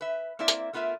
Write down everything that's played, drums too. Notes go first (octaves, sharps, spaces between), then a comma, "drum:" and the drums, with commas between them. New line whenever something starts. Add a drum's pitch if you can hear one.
B4 E5
A#3 C4 E4 D5 E5
drum: hi-hat
A3 B3 F4 A#4 E5